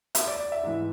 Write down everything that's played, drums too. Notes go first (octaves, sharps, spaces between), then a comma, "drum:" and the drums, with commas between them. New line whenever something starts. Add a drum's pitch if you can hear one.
E5, drum: hi-hat
D5
D5
E5
G#2 E3